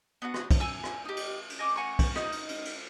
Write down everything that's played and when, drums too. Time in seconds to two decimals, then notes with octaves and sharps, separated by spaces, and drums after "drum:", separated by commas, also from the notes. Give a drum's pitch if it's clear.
0.22 B3 D4 F#4 F#5
0.34 drum: rim click
0.51 drum: kick, cymbal
0.60 G#5 E6
0.84 drum: rim click
1.05 D#4 G4
1.17 drum: cymbal
1.50 drum: cymbal
1.59 D#5 G#5 D6
1.76 F#5 G#5 A#5 C#6
1.99 drum: kick, cymbal
2.16 D#4, drum: rim click
2.32 drum: cymbal
2.49 drum: cymbal
2.65 drum: cymbal